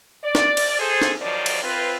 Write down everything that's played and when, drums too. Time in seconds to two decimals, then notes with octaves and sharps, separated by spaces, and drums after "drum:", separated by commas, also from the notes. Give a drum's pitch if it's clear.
0.24 D5
0.35 drum: snare
0.57 drum: cymbal
0.79 G#4 A4 C5
1.02 drum: snare
1.20 G2 D#3 F3 F#3 D5
1.46 drum: cymbal
1.63 C4 F4 B4